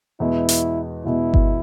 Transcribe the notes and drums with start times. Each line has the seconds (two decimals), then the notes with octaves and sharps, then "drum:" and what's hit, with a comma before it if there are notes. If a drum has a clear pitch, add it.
0.20 E2 B2 G#3 B3 E4
0.49 drum: hi-hat
1.05 E2 B2 G#3 B3 E4
1.34 drum: kick G1